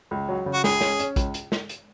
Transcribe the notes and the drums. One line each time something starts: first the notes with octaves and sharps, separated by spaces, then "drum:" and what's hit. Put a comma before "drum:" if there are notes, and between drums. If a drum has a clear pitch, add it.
C#2
F#3
C#3
F#4
C#2 G#4, drum: snare
C#4, drum: snare
C#4, drum: hi-hat
C#2, drum: kick A#1, hi-hat
drum: hi-hat
drum: snare
drum: hi-hat